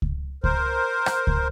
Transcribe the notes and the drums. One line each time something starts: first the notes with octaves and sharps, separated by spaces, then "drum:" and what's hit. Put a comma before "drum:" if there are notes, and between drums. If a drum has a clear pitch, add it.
drum: kick C#2
A#4 C5, drum: kick C#2
drum: rim click
drum: kick C#2